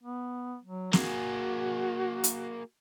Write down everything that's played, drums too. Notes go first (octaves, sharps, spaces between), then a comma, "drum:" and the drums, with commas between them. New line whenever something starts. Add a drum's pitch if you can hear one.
B3
F#3
A#3 F#4 G#4, drum: snare
drum: hi-hat